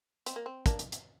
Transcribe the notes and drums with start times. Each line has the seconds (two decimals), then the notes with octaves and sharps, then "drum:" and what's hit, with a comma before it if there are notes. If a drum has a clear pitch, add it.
0.26 C4, drum: hi-hat
0.36 A#3
0.46 C4
0.66 A#3 D4, drum: kick, hi-hat
0.79 drum: hi-hat
0.92 drum: hi-hat